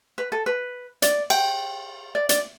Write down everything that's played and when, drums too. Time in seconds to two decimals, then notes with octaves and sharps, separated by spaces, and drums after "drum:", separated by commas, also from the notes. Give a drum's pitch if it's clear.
0.18 B4
0.32 A4
0.46 B4
1.02 D5, drum: hi-hat
1.30 G5, drum: cymbal
2.15 D5
2.29 D5, drum: hi-hat